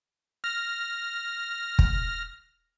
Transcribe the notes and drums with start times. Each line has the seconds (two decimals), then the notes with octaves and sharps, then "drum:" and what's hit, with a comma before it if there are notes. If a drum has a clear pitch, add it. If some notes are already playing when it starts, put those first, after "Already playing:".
0.44 F6 A#6
1.79 drum: kick